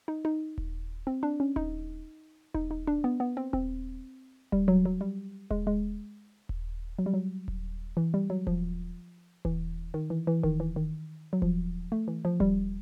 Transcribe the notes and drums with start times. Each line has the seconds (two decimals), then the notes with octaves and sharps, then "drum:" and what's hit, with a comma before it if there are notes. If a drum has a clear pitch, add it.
0.08 D#4
0.25 D#4
0.58 drum: kick D#1
1.07 C4
1.23 D4
1.40 C#4
1.56 D#4, drum: kick D#1
2.54 D#4, drum: kick D#1
2.71 D#4
2.87 D4
3.04 B3
3.20 B3
3.37 C4
3.53 C4, drum: kick D#1
4.52 G3, drum: kick D#1
4.68 F#3
4.85 F#3
5.01 G3
5.51 G#3, drum: kick D#1
5.67 G#3
6.49 drum: kick D#1
6.99 F#3
7.06 G3
7.14 F#3
7.48 drum: kick D#1
7.97 E3
8.14 G3
8.30 F#3
8.47 F3, drum: kick D#1
9.45 E3, drum: kick D#1
9.94 D#3
10.10 E3
10.27 E3
10.43 D#3, drum: kick D#1
10.60 E3
10.76 D#3
11.33 F#3
11.42 F3, drum: kick D#1
11.92 A3
12.08 E3
12.25 F3
12.40 G3, drum: kick D#1